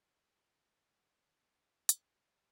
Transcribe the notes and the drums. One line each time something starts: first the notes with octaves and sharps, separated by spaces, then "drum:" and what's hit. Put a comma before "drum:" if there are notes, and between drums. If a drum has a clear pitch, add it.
A4
B4
F4
G4
F#5
C#5
D6
A4, drum: hi-hat
B4
D5